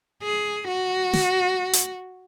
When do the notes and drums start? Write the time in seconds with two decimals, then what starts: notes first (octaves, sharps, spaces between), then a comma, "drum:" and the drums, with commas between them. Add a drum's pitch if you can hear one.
0.23 G#4
0.68 F#4
1.13 drum: snare
1.73 drum: hi-hat